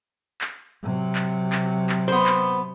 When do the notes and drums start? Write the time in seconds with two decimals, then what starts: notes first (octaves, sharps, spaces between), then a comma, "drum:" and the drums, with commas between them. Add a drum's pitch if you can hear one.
0.41 drum: clap
0.83 C3 F#3
1.15 drum: clap
1.52 drum: clap
1.89 drum: clap
2.08 B3 C5
2.26 drum: clap